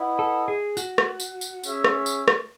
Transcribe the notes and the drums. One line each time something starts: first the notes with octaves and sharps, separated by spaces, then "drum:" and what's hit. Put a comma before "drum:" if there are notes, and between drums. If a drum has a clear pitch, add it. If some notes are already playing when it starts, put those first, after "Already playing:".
Already playing: E4 B4 D#5 F#5
A4
G#4
F#4, drum: tambourine
drum: rim click
drum: tambourine
drum: tambourine
C#4 G#4 C#5 E5, drum: tambourine
drum: rim click
drum: tambourine
drum: rim click